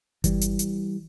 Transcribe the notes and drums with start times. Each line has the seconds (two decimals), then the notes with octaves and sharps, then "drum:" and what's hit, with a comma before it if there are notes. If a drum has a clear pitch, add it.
0.24 E3 G3, drum: kick G1, hi-hat
0.41 drum: hi-hat
0.59 drum: hi-hat